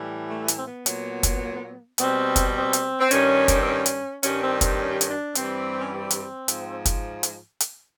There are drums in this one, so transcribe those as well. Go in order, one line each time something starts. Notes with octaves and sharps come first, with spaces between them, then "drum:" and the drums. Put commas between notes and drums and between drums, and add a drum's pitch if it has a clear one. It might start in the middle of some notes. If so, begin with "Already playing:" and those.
Already playing: A2 E3 G3
A3
drum: hi-hat
C4
B3
A#2 F#3, drum: hi-hat
drum: kick, hi-hat
B2 G3 C4, drum: hi-hat
drum: kick, hi-hat
C4
drum: hi-hat
C4
G2 D#3 G3 C#4, drum: hi-hat
drum: kick, hi-hat
C4
C#4
drum: hi-hat
G2 D#3 G3 C#4, drum: hi-hat
C4
C4, drum: kick, hi-hat
C#4
C#4, drum: hi-hat
D4
G2 E3 G3 C4, drum: hi-hat
C#4
C4
drum: hi-hat
G#2 F3, drum: hi-hat
drum: kick, hi-hat
drum: hi-hat
drum: hi-hat